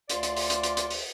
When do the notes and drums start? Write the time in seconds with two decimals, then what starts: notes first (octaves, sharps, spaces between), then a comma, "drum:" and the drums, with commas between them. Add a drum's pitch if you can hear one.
0.10 D2 F4 D5 C6, drum: hi-hat
0.23 drum: hi-hat
0.36 drum: open hi-hat
0.50 drum: hi-hat
0.63 drum: hi-hat
0.77 drum: hi-hat
0.90 drum: open hi-hat